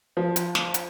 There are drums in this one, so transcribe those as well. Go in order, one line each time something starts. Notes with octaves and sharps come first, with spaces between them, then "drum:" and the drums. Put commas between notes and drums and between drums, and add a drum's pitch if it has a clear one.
F3
drum: hi-hat
drum: snare
drum: hi-hat